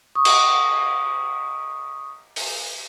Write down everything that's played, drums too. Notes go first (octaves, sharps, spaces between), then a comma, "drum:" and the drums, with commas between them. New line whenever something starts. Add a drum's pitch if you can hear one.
C#6 D#6
drum: cymbal
drum: open hi-hat